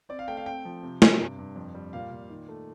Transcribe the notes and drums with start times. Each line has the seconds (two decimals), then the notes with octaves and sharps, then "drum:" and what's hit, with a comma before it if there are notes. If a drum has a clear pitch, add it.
0.09 C4 D5
0.19 F5
0.28 A3 G5
0.37 F5
0.46 C4 G5
0.65 F3
0.83 C3
1.02 C3, drum: snare
1.20 G2
1.39 G2
1.56 F2
1.75 G3
1.93 A#2 F5
2.11 A#2
2.30 D#3
2.48 A3